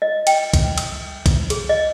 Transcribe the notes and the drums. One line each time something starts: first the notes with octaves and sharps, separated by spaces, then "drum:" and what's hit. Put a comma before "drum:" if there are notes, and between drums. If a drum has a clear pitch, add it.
D#5
G5, drum: cymbal
drum: kick, cymbal
D#6, drum: cymbal
drum: kick, cymbal
G#4, drum: cymbal
D#5